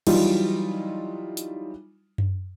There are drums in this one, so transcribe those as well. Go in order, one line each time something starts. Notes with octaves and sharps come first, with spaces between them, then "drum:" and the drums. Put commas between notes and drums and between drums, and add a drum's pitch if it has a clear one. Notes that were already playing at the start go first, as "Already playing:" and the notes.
E3 F#3 G3 D#4 F4, drum: cymbal
drum: hi-hat
drum: tom F#2